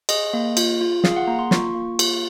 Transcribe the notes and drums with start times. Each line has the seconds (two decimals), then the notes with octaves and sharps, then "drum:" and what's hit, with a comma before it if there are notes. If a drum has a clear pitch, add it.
0.09 G#4 D#5, drum: cymbal
0.33 A#3
0.57 F4, drum: cymbal
0.81 F4
1.04 G#4 F5, drum: snare
1.16 F#5
1.27 A#3 A#5
1.39 C6
1.51 F4 C#6, drum: snare
1.75 A#3
1.99 F4, drum: cymbal